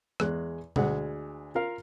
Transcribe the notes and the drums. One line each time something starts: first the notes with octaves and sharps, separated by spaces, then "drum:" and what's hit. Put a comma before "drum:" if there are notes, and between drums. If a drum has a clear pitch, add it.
E2 G#3 F#6, drum: rim click
D2 G#3 F#5, drum: tom
F4 A#4 F5